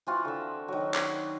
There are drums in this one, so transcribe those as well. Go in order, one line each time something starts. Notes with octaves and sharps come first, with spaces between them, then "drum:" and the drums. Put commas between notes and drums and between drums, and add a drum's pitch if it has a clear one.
E3 C4 F4 F#4
D3 E5
D#3 F#3
drum: clap